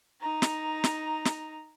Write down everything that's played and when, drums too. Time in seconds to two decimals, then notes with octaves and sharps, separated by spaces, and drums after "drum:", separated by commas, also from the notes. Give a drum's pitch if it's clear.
0.21 D#4 A#5
0.42 drum: snare
0.84 drum: snare
1.25 drum: snare